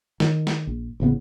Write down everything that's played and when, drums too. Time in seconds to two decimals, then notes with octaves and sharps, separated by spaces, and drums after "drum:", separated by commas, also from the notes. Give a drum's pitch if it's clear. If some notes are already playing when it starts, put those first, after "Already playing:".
0.20 D#3, drum: snare
0.47 drum: snare
0.67 A#1
1.00 A1 C#3 F3 B3